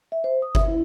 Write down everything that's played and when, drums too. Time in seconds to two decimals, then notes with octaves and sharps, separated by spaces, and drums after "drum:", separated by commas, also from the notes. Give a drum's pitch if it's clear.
0.12 E5
0.24 C5
0.42 D#6
0.55 E5, drum: kick G1
0.68 E4